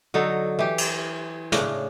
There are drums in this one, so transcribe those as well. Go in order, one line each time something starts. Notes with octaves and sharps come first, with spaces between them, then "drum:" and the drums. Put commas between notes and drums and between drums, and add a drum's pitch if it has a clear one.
D3 F#3 D#4 A4
E3 G4
drum: cymbal
A2 C#3 D4, drum: snare